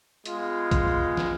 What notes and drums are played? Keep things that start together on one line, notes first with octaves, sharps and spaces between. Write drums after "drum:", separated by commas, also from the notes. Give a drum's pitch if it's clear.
G#3 B3 F4, drum: hi-hat
drum: kick, hi-hat
drum: snare